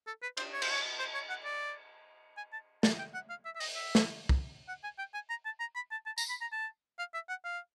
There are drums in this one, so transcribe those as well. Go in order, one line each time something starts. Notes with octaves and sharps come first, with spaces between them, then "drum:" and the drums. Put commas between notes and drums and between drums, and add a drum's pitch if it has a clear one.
A4
B4
C5, drum: cymbal
C#5
C5, drum: cymbal
C#5
C5
C#5
F#5
D5
G#5
A5
A5, drum: snare
G5
F#5
F5
E5
E5
D#5, drum: open hi-hat
E5
drum: snare
drum: kick
F#5
G#5
G5
G#5
A#5
A5
A#5
B5
A5
A5
A#5, drum: tambourine
B5
A#5
A5
F5
E5
F#5
F5